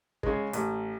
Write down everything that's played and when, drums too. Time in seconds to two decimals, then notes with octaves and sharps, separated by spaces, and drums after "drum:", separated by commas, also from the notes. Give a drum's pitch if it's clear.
0.23 C#3 G#3, drum: kick
0.53 A1, drum: hi-hat